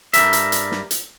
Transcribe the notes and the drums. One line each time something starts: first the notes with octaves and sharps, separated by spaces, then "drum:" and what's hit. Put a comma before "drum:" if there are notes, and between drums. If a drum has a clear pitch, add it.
G2 G3 A#4 E5, drum: hi-hat
drum: hi-hat
drum: hi-hat
drum: snare
drum: hi-hat